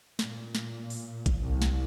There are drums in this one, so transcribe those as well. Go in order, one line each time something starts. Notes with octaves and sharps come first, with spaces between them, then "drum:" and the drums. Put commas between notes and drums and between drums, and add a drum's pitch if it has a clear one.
A#2, drum: snare
drum: snare
drum: open hi-hat
drum: kick A1, hi-hat
C2
drum: snare